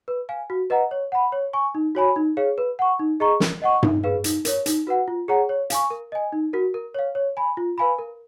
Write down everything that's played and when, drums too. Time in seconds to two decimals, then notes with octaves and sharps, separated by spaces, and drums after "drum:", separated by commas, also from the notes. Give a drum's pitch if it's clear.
0.08 B4
0.29 F5 G#5
0.50 F#4
0.70 B4 D#5 F#5 A#5
0.91 C#5
1.12 F#5 B5
1.32 C#5
1.53 G#5 C#6
1.75 D#4
1.95 F#4 C#5 G#5 B5
2.16 D#4
2.37 G#4 C#5 F5
2.58 B4
2.79 F#5 C#6
2.99 D#4
3.20 G#4 D#5 A#5 C#6
3.40 A#4, drum: snare
3.62 D#5 F#5 C#6
3.83 D#4, drum: tom G2
4.04 G#4 B4 F5
4.24 D#4, drum: hi-hat
4.45 A#4 C#5, drum: hi-hat
4.66 D#4, drum: hi-hat
4.87 F#4 B4 F#5
5.08 F4
5.28 G#4 C#5 F#5 A#5
5.49 C#5
5.70 F5 G#5 C#6, drum: hi-hat
5.91 A#4
6.12 D#5 G#5
6.33 D#4
6.53 F#4 A#4
6.74 A#4
6.95 C#5 F5
7.15 C#5
7.37 G#5 B5
7.57 F4
7.78 B4 F5 G#5 B5
7.99 A#4